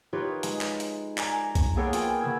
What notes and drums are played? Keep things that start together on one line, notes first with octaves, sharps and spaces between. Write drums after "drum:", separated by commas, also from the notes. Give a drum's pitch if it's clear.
D#4 F4 G4 B4 C#5
G#3, drum: hi-hat
drum: clap
drum: hi-hat
D5 G#5 A#5, drum: clap
drum: kick, hi-hat
A#3 B3 G#4 A4 C#5 G5
F4 G5 G#5, drum: hi-hat
C#3 B3 E6 G#6